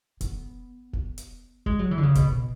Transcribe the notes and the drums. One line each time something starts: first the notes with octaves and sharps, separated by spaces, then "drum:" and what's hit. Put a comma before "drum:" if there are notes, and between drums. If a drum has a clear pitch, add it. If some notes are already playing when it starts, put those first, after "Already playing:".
B3, drum: kick F1, hi-hat
drum: kick F1
drum: hi-hat
G#3, drum: kick F1
F#3
E3
D3
C#3
B2, drum: kick F1, hi-hat
B2